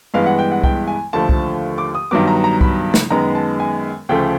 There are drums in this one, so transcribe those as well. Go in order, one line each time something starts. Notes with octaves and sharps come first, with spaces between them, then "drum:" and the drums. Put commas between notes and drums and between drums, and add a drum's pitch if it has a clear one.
G2 E3 G#3 B3 F5
F#5
G5
F#5
G5, drum: kick C2
G#5
D#2 D3 F3 A3 A5
drum: kick C2
D6
D#6
G2 D#3 F#3 B3 D6
A#5
A#5
B5, drum: kick C2
drum: snare
F#2 D#3 G#3 B3 A#5
A5
G#5
D2 C#3 F3 A3 G5